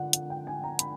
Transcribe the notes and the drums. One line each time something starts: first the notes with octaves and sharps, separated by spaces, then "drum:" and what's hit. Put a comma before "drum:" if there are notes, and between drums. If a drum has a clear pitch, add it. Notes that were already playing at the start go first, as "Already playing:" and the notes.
Already playing: D3 F3 F#5
F#5, drum: hi-hat
G5
G#5
A#5
B5, drum: hi-hat